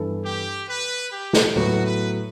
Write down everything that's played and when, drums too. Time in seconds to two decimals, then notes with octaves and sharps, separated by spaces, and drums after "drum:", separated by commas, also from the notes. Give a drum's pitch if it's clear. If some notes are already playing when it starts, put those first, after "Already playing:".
Already playing: G2 E3 B3 E4 A4
0.24 G4
0.68 B4
1.12 G4
1.33 drum: snare
1.55 A2 F#3 B3 F#4
1.85 B4